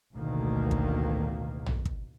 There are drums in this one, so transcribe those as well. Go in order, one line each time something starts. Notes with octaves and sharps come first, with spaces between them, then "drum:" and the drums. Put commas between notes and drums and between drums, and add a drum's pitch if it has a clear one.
A1 D2 B2 D#3 A#3
drum: kick
drum: tom A#1
drum: kick